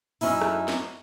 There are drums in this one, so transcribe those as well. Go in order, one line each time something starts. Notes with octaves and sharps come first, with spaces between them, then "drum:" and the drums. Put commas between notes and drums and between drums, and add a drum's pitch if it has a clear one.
F#2 C#4 D#4 E4, drum: open hi-hat
drum: rim click
drum: snare